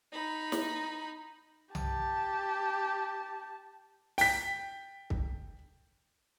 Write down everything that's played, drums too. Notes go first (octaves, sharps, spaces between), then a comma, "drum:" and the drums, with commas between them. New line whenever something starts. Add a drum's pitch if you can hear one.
D#4 B5
drum: snare
G4 A5, drum: tom B1
G5 B6, drum: open hi-hat
drum: kick C2